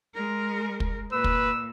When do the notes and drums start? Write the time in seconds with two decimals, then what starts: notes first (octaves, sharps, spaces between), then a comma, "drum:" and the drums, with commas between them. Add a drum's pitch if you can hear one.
0.14 G#3 A#4
0.80 drum: kick
1.12 A#2 B4 E6
1.24 drum: kick